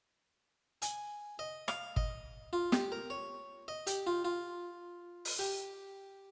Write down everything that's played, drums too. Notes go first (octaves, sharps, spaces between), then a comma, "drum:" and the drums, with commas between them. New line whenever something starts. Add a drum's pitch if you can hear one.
G#5, drum: hi-hat
D#5
F5, drum: rim click
D#5, drum: kick
F4
G4, drum: snare
A#4
C#5
D#5
G4, drum: hi-hat
F4
F4
drum: open hi-hat
G4